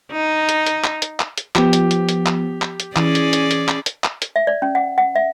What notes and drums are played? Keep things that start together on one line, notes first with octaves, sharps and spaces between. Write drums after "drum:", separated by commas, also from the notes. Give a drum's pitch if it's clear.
D#4
drum: hi-hat
drum: hi-hat
drum: clap
drum: hi-hat
drum: clap
drum: hi-hat
F3 B3 G4, drum: clap
drum: hi-hat
drum: hi-hat
drum: hi-hat
drum: clap
drum: clap
drum: hi-hat
E3 C#4 G#4 D5, drum: clap
drum: hi-hat
drum: hi-hat
drum: hi-hat
drum: clap
drum: hi-hat
drum: clap
drum: hi-hat
E5
D5
C#4
F#5
F#5
E5